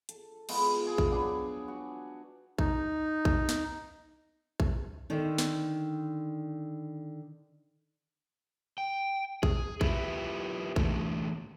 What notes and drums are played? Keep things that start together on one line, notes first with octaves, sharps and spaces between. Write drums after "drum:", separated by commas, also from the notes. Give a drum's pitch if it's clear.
A4, drum: hi-hat
G#3 B3 E4 F4, drum: cymbal
G#4 G#5
drum: kick
F#3 B3 D4 G#4
F#4
D#4, drum: kick
drum: kick
drum: snare
drum: kick
D3 D#3
drum: snare
G5
G#4, drum: kick
E4 F4 G4 B4 E5, drum: kick
D3 E3 A3, drum: kick